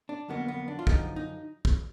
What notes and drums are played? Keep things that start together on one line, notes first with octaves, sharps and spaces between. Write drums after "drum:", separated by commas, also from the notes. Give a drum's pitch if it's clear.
D4
F2 D3 F#3 A#3 B3
B3
D4
F4
F#2 D3 F3 D#4, drum: kick
D#4
drum: kick